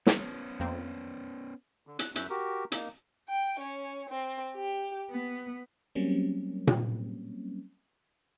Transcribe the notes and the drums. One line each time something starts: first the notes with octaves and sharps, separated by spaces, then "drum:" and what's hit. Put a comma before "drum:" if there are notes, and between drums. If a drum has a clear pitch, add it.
B3 C#4, drum: snare
F2 A#3 C4
D3
F#6, drum: hi-hat
F#2 E5 F#6 G6, drum: hi-hat
F#4 G4 A#4
A#3 D#4, drum: hi-hat
G5
C#4
C4
G4
B3
F#3 G3 A#3 C4 C#4
drum: tom A#2